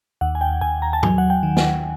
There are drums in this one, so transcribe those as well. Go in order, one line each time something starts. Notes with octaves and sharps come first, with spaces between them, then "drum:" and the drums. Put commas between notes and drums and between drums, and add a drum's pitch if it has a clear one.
D#2 F#5
G#5
G5
D#2 G#5
A#5
A5
F#3 G#5, drum: tom
F#5
G5
D#3
G#5, drum: snare